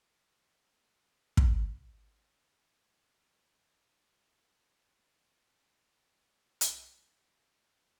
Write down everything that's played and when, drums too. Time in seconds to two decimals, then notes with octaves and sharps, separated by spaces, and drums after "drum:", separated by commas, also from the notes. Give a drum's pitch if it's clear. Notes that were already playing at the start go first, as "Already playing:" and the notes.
0.21 A#1 E2 B2 A#3 B3 C#4 B5
1.37 drum: kick
1.70 D4 F#4
5.01 C#4 G4 A4 D#5 F5 G#5
5.16 A#4 C#5 F5 G#5 A#5
5.36 B3 D4 E4 E5 F5
5.64 G3
5.80 D#4 E4 G4 A4 C#5
6.16 D3 D#3 C6
6.61 drum: hi-hat
7.20 F5 G5